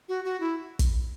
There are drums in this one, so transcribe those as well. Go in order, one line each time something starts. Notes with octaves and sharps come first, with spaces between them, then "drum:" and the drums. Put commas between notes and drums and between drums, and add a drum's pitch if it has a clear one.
F#4
F#4
E4
drum: kick, hi-hat